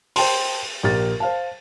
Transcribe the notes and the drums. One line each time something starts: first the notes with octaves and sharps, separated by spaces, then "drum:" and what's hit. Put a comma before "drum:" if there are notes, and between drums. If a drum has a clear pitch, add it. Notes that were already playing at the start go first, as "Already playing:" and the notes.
C5 G5 A5 C6, drum: open hi-hat
A#1 G4 A#4 A6
C5 F5 A5